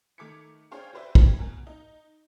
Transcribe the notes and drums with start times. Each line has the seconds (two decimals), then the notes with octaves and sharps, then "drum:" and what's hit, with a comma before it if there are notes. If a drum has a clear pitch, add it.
0.18 D#3 A3 D6 G#6 B6 C#7
0.71 D4 G#4 C5 C#5 F5 G5
0.93 F#4 G4 B4 C5 D5 E5
1.15 G4 C#5, drum: kick
1.39 B2 A#4 G#5
1.67 D#4